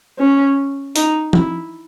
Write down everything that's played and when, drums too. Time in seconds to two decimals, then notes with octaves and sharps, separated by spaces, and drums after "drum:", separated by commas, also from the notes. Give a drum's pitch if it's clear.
0.19 C#4
0.96 D#4, drum: hi-hat
1.33 E4, drum: tom E3